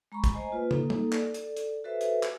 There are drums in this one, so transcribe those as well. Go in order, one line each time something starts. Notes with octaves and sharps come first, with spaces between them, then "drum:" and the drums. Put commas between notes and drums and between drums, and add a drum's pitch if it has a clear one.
G#3 A#5 B5 C#6
drum: kick, hi-hat
A3 C5 D#5 G#5 A#5
A#3 F4 B4
A#3 D#4 A4, drum: tom
drum: tom
A4 D5, drum: clap
drum: hi-hat
drum: hi-hat
F#4 A4 B4 C5 E5
drum: hi-hat
drum: clap